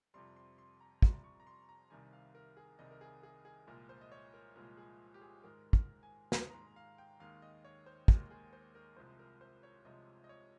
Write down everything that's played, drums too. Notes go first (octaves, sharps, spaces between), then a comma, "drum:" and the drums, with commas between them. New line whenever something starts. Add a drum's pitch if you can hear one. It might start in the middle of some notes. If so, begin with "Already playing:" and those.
F2 C3 G3 C6
C6
C6
A#5
F2 C3 G3 C6, drum: kick
C#6
A#5
C6
A#5
C2 C3 D#3 G3 G#5
F5
A#4
G#4
C2 C3 D#3 G3 D#5
A#4
G#4
G#4
G#4
C2 A#2 F3 G#3 A#4
C5
D#5
C#5
A#4
C2 A#2 F3 G#3 A#4
G#4
G4
G#4
G#2 D#3 G#3 A#4
A#4, drum: kick
G#5
G#2 D#3 G#3 A#5, drum: snare
A#5
C6
F5
G5
D#2 D#3 G#3 F5
D#5
C#5
C5
D#2 D#3 G#3 A#4, drum: kick
G#4
C5
A#4
C2 C3 F3 G#3 C5
A#4
C5
C#5
C2 C3 F3 G#3 D#5
D#5
C#5